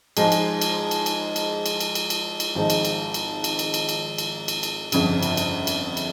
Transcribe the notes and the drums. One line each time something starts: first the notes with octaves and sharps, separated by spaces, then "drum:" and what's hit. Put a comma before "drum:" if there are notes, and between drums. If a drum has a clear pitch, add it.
G#2 F3 G#3 D#4 G#4, drum: cymbal
drum: cymbal
drum: cymbal
drum: cymbal
drum: cymbal
drum: cymbal
drum: cymbal
drum: cymbal
drum: cymbal
drum: cymbal
drum: cymbal
G#1 G#2 F3 G#3 D#4
drum: cymbal
drum: cymbal
drum: cymbal
drum: cymbal
drum: cymbal
drum: cymbal
drum: cymbal
drum: cymbal
drum: cymbal
drum: cymbal
G1 F2 C#3, drum: cymbal
drum: cymbal
drum: cymbal
drum: cymbal
drum: cymbal